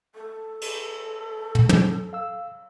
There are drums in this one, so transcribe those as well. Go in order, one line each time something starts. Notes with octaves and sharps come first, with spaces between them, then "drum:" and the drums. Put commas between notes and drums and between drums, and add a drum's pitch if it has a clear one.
A4
drum: cymbal
drum: tom
drum: tom
F5 E6